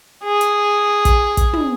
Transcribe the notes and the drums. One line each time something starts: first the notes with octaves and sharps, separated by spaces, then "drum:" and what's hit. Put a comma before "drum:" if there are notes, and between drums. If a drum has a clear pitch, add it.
G#4
drum: hi-hat
drum: kick, hi-hat
drum: kick, hi-hat
drum: tom